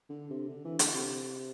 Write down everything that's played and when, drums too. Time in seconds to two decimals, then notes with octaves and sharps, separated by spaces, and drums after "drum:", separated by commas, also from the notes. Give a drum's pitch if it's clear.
0.09 D3
0.30 C3
0.49 D3
0.65 E3
0.79 D3, drum: hi-hat
0.94 C3